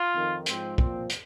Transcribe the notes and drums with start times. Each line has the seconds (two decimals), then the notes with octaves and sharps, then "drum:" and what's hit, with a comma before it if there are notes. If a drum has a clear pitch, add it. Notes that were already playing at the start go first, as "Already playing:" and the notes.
Already playing: F4
0.15 F2 D#3
0.46 G#2 F3 C4, drum: hi-hat
0.78 A#2 F3 C4, drum: kick
1.10 drum: hi-hat